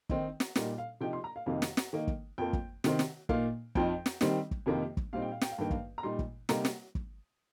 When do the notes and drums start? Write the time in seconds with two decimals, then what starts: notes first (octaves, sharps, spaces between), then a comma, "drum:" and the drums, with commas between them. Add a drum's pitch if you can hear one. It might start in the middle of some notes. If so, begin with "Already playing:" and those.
0.10 D#3 C4 D#4, drum: kick
0.40 drum: snare
0.56 A#2 G3 A#3 D#4, drum: snare
0.78 F5
1.01 C3 F3 D#4 G5
1.13 C6
1.24 A#5
1.36 F5
1.46 F2 C3 D#3 A#3 D#4 F5
1.62 drum: snare
1.77 drum: snare
1.93 D#3 A#3 D#4
2.08 drum: kick
2.38 F2 F3 A#3 G5
2.53 drum: kick
2.84 C3 D#3 C4, drum: snare
2.99 drum: snare
3.29 A#2 A#3 D#4 F5, drum: kick
3.75 F2 F3 D#4 G5, drum: kick
4.06 drum: snare
4.21 D#3 G3 C4 D#4, drum: snare
4.51 drum: kick
4.66 F2 C3 D#3 A#3 D#4
4.97 drum: kick
5.13 A#2 G3 C4 D#4 F5
5.22 G5
5.32 F5
5.41 G5, drum: snare
5.51 F5
5.58 G2 D#3 A#3 D#4 G5
5.71 F5, drum: kick
5.98 A#5
6.03 A#2 G3 D#4 C6
6.19 drum: kick
6.49 C3 G3 A#3 D#4 A#5, drum: snare
6.65 drum: snare
6.95 drum: kick